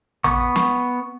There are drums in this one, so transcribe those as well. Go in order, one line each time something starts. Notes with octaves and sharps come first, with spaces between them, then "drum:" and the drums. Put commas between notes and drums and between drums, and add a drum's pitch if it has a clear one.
B3 C#6, drum: tom A1
drum: snare